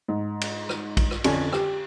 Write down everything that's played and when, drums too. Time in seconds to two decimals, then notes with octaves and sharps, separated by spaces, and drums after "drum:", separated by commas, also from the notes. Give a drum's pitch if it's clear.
0.08 G#2
0.41 drum: cymbal
0.69 drum: rim click
0.97 drum: kick A#1, cymbal
1.11 drum: rim click
1.24 F2 D3 C#4 D4, drum: cymbal
1.53 G4, drum: rim click